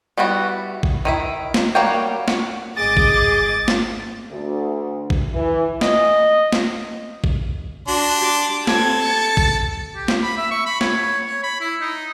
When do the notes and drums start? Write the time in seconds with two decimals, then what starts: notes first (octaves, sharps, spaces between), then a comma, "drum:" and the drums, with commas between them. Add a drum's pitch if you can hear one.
0.17 G3 B3 E4 F#4
0.83 drum: kick
1.05 D#3 E4 E5
1.54 drum: snare
1.75 G3 A#3 F#4 C#5 G5
2.28 F#4, drum: snare
2.76 G#1 G#4 D#5 D6 A6
2.97 drum: kick
3.68 drum: snare
4.30 D2
5.10 drum: kick
5.33 E3
5.81 D#5, drum: snare
6.52 drum: snare
7.24 drum: kick
7.88 D4 F#4 C6
8.20 G4 D6
8.67 C4 A4 G#6, drum: snare
9.02 A6 C#7
9.37 drum: kick
9.95 G4
10.08 drum: snare
10.23 B5
10.37 E5
10.51 C#6
10.66 B5
10.81 C#5, drum: snare
11.26 C#5
11.43 B5
11.60 E4
11.81 D#4